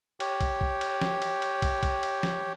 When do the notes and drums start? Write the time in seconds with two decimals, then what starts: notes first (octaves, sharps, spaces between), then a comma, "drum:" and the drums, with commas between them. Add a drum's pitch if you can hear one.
0.20 G4 C#5 G5, drum: cymbal
0.41 drum: kick, cymbal
0.61 drum: kick
0.81 drum: cymbal
1.01 drum: snare
1.22 drum: cymbal
1.42 drum: cymbal
1.62 drum: kick, cymbal
1.83 drum: kick, cymbal
2.03 drum: cymbal
2.23 drum: snare